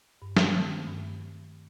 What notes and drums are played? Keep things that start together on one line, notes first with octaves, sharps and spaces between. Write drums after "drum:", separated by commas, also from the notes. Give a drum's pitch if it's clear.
G2
drum: snare
D#3 A3 C4
G2